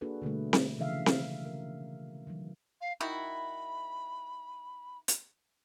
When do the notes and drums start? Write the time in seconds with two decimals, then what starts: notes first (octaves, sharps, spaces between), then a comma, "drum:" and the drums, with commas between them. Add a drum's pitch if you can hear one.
0.01 A#3 D4 F#4 G#4 A4 B4
0.22 B2 D3 G3 A3
0.53 drum: snare C4
0.79 C#3 E3 F3 E5 F5
1.06 drum: snare C4
1.45 A#4
2.27 D#3 E3 F#3
2.81 F5
3.01 D#3 E4 F#4 B5
5.08 drum: hi-hat